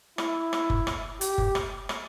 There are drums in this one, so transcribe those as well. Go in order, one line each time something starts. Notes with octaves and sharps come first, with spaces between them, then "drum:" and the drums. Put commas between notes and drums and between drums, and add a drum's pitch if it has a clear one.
E4, drum: rim click
drum: rim click
drum: kick F#1
drum: rim click
G4, drum: hi-hat
drum: kick F#1
drum: rim click
drum: rim click